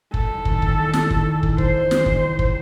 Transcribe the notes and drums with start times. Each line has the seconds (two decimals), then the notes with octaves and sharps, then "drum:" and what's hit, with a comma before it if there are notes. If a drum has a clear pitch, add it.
0.14 A3 A4, drum: kick
0.30 F#1
0.45 D#3, drum: kick
0.62 E2, drum: kick
0.78 A3
0.93 F#1, drum: snare
1.10 D#3, drum: kick
1.26 E2
1.43 A3, drum: kick
1.58 F#1 C5, drum: kick
1.74 D#3
1.91 E2, drum: snare
2.06 C#4, drum: kick
2.22 C#2
2.39 G#3, drum: kick